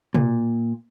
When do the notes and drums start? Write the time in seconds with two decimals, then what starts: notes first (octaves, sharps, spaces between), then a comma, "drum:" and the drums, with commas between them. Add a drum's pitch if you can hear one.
0.14 A#2, drum: tom B2